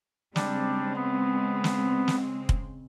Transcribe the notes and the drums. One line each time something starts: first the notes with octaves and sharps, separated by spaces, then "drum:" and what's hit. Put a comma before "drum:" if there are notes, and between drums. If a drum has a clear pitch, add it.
C#3 G3 G#3 C4 D4, drum: snare
B3
drum: snare
drum: snare
drum: kick